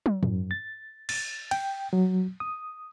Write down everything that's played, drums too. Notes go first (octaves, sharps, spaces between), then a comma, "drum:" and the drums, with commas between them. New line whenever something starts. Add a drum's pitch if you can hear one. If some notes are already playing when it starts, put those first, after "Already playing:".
drum: tom
F#2, drum: tom G#2
A6
A6, drum: cymbal
G5, drum: cymbal
F#3
D#6